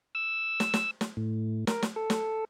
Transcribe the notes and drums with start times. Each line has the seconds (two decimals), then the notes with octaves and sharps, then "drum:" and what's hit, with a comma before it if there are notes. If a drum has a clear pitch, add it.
0.15 E6
0.60 drum: snare
0.74 drum: snare
1.01 drum: snare
1.17 A2
1.67 A#4, drum: snare
1.83 drum: snare
1.96 A4
2.10 drum: snare